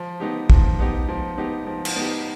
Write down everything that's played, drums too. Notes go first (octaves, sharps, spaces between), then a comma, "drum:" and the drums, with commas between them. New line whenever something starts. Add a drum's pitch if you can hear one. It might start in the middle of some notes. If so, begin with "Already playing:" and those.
Already playing: F3
B3 D#4 G4
F3, drum: kick
B3 D#4 G4
F3
B3 D#4 G4
F3
drum: cymbal
B3 D#4 G4